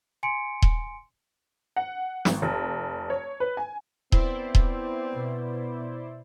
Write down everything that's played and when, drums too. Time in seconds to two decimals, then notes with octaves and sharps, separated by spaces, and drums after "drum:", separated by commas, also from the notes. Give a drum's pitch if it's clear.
0.23 G#5 C6 C#7 D7
0.62 drum: kick D#1
1.76 F#5
2.25 G#1, drum: snare
2.42 F1
3.10 C#5
3.40 B4
3.57 G#5
4.12 B3 C4 E4 C5 D5, drum: kick D#1
4.55 drum: kick D#1
5.12 B2